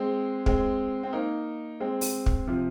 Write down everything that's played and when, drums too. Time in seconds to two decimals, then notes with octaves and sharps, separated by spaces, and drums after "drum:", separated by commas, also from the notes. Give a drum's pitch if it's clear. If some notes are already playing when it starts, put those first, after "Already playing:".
Already playing: G#3 C4
0.46 G#3 C4, drum: kick
1.03 C4
1.13 A#3 D#4
1.80 G#3 C4
2.01 drum: open hi-hat
2.26 drum: kick
2.47 C3 F3